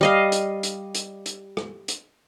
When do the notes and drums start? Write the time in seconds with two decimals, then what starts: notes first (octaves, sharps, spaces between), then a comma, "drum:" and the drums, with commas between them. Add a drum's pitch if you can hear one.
0.01 G3 D#5 F5
0.32 drum: hi-hat
0.63 drum: hi-hat
0.95 drum: hi-hat
1.26 drum: hi-hat
1.57 drum: rim click
1.88 drum: hi-hat